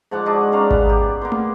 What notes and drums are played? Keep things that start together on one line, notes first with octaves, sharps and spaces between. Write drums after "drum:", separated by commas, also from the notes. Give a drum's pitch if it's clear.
G#2 F3 F#5 D6
D4 D#4 F#4 G#5
C#4 D5 F5 A#5
B3, drum: kick G#1
G4
A#3 B3 C6
drum: tom